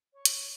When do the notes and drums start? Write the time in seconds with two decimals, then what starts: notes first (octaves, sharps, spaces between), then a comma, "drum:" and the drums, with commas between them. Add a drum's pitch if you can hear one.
0.14 C#5
0.25 drum: hi-hat